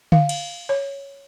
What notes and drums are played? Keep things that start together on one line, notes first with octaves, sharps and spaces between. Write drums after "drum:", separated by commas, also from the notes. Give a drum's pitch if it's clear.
F5, drum: tom D3
drum: cymbal
C#5